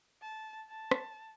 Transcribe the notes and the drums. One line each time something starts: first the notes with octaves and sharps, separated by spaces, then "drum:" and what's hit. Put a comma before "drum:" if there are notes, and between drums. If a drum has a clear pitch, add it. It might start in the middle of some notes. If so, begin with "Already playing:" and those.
A5
A5
drum: rim click